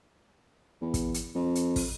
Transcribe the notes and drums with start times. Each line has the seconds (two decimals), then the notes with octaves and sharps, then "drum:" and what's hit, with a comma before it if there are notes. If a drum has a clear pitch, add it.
0.81 E2
0.94 drum: kick, hi-hat
1.14 drum: hi-hat
1.35 F2
1.55 drum: hi-hat
1.76 drum: kick, open hi-hat